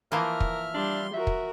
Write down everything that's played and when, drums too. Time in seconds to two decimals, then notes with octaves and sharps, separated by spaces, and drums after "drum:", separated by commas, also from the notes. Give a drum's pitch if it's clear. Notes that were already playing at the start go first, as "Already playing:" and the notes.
0.12 E3 F3 A#3 A#4 E5 F6
0.40 drum: kick
0.74 G3 D4 C6
1.14 F#4 A#4 E5
1.27 drum: kick